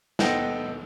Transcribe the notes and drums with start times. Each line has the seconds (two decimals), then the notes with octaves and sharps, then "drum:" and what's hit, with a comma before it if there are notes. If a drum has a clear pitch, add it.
0.19 B3 A4 C5 D#5 F#5 G5, drum: snare